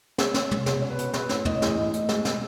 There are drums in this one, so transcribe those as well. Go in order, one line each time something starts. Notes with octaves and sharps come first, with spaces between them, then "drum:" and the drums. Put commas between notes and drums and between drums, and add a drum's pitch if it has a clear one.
G#3 C#5, drum: snare
C#4, drum: snare
G#3, drum: tom
B2 C#5, drum: snare
C#4 C#5
B4
B2, drum: hi-hat
B3 B4, drum: snare
A2 C#5, drum: snare
A2 D#5, drum: tom
C#5
E3 D#5, drum: snare
A2
A2, drum: hi-hat
G#3, drum: snare
B2, drum: snare